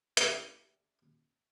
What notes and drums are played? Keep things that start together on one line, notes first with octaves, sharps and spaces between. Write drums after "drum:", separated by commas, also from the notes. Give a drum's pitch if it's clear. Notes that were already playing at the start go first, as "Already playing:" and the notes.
A3 D4 E4 G4, drum: hi-hat